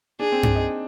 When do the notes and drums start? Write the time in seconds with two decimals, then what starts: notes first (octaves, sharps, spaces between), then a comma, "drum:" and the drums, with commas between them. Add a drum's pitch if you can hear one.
0.20 D4 G#4
0.32 C4
0.43 D4, drum: tom G2
0.55 D#4